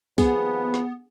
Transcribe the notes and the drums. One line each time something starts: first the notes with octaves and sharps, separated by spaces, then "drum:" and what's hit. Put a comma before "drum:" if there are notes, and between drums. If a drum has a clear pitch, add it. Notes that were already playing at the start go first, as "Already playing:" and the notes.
D#2 F3 B3 G#4 B4, drum: kick, tambourine
drum: snare